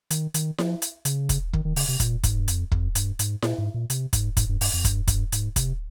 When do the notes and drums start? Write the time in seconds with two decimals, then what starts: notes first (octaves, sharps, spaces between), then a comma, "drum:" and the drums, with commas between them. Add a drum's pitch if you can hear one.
0.10 D#3, drum: hi-hat
0.34 D#3, drum: hi-hat
0.58 F3, drum: snare E4
0.82 drum: hi-hat
1.05 C#3, drum: hi-hat
1.29 drum: kick, hi-hat
1.53 D#3, drum: kick
1.65 D#3
1.76 C#3, drum: open hi-hat
1.88 C3
2.00 A#2, drum: kick, hi-hat
2.23 G#2, drum: kick, hi-hat
2.40 G2
2.48 F2, drum: hi-hat
2.72 F2, drum: kick
2.95 G2, drum: hi-hat
3.19 G#2, drum: hi-hat
3.42 A#2, drum: snare E4
3.58 G#2
3.74 A#2
3.90 C3, drum: hi-hat
4.13 G#2, drum: kick, hi-hat
4.37 G#2, drum: kick, hi-hat
4.49 G2
4.61 G2, drum: open hi-hat
4.73 F2
4.84 G2, drum: kick, hi-hat
5.07 G2, drum: kick, hi-hat
5.32 G#2, drum: hi-hat
5.56 C3, drum: kick, hi-hat